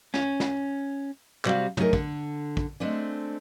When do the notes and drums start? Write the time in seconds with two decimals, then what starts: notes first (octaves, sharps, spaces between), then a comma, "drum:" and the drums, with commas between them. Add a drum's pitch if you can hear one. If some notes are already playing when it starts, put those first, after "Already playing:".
0.14 C#4, drum: snare
0.40 drum: snare
1.45 C3 G3 F#4 F5, drum: clap
1.77 F#3 A3 D#4 G#4 A#4, drum: tom
1.93 D3, drum: kick
2.57 drum: kick
2.80 G#3 A3 C4 D4